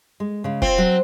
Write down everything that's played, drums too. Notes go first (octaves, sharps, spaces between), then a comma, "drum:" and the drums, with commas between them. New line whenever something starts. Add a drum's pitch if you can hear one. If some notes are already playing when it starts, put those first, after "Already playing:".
G#3
C#3 G#3
C4 F4, drum: kick
F#3